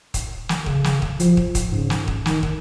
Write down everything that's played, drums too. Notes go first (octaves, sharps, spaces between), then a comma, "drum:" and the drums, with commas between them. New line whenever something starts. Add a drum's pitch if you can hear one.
drum: kick, hi-hat
drum: snare
C#3, drum: kick
drum: snare
drum: kick
F3, drum: hi-hat
drum: kick
drum: kick, hi-hat
G#2 C#3
drum: snare
drum: kick
D#3, drum: snare
drum: kick